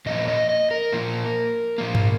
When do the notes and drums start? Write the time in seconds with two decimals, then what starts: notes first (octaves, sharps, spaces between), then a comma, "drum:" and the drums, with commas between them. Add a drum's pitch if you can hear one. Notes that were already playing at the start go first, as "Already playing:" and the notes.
0.06 A#2 F3 A#3 D#5
0.28 D#5
0.49 D#5
0.71 A#4
0.92 A#2 F3 A#3
1.78 A#2 F3 A#3
1.95 drum: tom G2